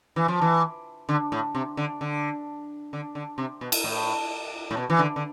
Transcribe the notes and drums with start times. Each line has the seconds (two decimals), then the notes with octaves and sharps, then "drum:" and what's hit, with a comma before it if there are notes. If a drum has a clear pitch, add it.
0.16 E3
0.28 F3
0.41 E3
1.09 D3
1.32 A2
1.55 C3
1.77 D3
2.01 D3
2.93 D3
3.15 D3
3.38 C3
3.61 B2
3.72 drum: cymbal
3.84 A2
4.71 A2
4.77 B2
4.90 E3
4.99 D3
5.16 D3